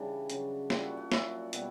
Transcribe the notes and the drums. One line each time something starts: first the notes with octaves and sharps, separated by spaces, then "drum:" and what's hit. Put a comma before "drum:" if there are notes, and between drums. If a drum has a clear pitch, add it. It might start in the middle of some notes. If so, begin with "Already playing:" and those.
Already playing: C#3 E3 G3 D4
C#3 F#3, drum: hi-hat
A#2 G3 E4, drum: snare
F#4
F#4
A#2 F#3 E4, drum: snare
B2 G3, drum: hi-hat